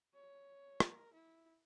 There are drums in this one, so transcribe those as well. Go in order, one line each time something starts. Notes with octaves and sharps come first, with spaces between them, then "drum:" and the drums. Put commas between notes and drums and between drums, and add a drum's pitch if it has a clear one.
C#5
A#4, drum: rim click
E4